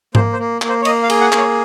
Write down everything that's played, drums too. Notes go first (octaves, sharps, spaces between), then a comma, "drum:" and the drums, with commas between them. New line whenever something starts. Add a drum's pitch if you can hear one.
A#3 C5, drum: tom G#2
C5
A#3
A#3, drum: clap
C5
C#5
A#3 D#5, drum: cymbal
F5
G#4, drum: cymbal
F#5
A#3, drum: clap
C#5